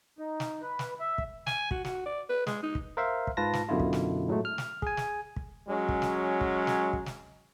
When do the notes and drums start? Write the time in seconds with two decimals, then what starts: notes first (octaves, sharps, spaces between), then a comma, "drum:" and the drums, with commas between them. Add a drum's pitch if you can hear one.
0.18 D#4
0.40 drum: snare
0.62 B4
0.79 drum: snare
1.00 E5
1.18 drum: kick
1.47 G#5, drum: snare
1.71 F#4, drum: kick
1.85 F#4, drum: snare
2.06 D5
2.30 B4
2.47 G#3, drum: snare
2.63 D#4
2.75 drum: kick
2.97 A#4 C5 E5 F5
3.27 drum: kick
3.37 G#2 F4 B4 A5 A#6
3.53 drum: snare
3.69 F#2 B2 D3 E4 F4
3.80 drum: kick
3.93 drum: snare
4.28 A2 F#3 G#3 A3
4.45 F6
4.58 drum: snare
4.82 G#4 G#5, drum: kick
4.97 drum: snare
5.36 drum: kick
5.69 F#3 G#3 C#4
5.89 drum: kick
6.02 drum: snare
6.41 drum: kick
6.67 drum: snare
6.93 drum: kick
7.06 drum: snare